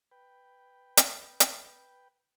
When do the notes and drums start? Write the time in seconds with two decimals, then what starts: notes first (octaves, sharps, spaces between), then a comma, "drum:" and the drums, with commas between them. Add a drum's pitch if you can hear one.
0.11 B4 G5
0.97 drum: hi-hat
1.40 drum: hi-hat